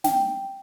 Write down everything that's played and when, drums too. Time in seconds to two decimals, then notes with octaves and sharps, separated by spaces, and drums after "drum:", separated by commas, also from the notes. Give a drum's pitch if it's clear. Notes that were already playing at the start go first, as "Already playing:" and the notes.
0.04 G5, drum: snare